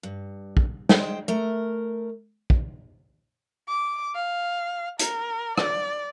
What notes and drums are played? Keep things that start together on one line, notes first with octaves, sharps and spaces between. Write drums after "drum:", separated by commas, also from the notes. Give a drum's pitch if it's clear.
G2
drum: kick
G#3 C5 G5, drum: snare
A3 A#4
drum: kick
D6
F5
A#4, drum: hi-hat
D5, drum: rim click